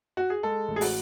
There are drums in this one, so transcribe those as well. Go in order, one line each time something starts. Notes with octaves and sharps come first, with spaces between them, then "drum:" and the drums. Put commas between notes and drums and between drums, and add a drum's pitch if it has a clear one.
F#4
G#4
G#3 A4
A1
G#4
F#4, drum: open hi-hat